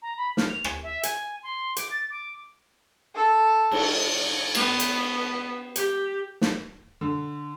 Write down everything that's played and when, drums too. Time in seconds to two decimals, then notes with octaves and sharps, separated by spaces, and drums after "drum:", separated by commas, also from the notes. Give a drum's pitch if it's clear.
0.02 A#5
0.17 B5
0.37 F6, drum: snare
0.49 F7
0.64 G#5, drum: rim click
0.83 E5
1.03 G#5, drum: hi-hat
1.43 C6
1.77 D6, drum: hi-hat
1.91 A6
2.10 D6
3.15 A4
3.71 drum: cymbal
4.55 B3, drum: cymbal
4.80 drum: hi-hat
5.76 G4, drum: hi-hat
6.41 drum: snare
7.01 D3